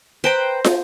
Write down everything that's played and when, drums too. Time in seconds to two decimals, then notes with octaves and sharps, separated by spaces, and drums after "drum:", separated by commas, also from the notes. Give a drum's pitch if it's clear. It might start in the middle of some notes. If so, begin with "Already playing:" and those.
0.24 B4 C5 G5 A#5
0.64 drum: snare